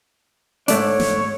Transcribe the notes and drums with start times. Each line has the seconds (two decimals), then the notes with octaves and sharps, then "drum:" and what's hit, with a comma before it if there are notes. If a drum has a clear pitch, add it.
0.68 G#2 A3 D4 C#5, drum: hi-hat
1.00 drum: snare